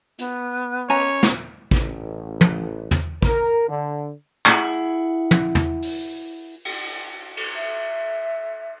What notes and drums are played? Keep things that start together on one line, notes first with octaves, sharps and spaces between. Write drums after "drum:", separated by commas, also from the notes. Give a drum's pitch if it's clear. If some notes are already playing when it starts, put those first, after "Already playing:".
B3, drum: hi-hat
C#4 C#5 G#5 A#5
drum: snare
A1, drum: kick
drum: tom
drum: tom
A#4, drum: kick
D3
E4 G#4 F#5, drum: clap
drum: tom
drum: tom
drum: open hi-hat
drum: cymbal
drum: open hi-hat
drum: cymbal
E5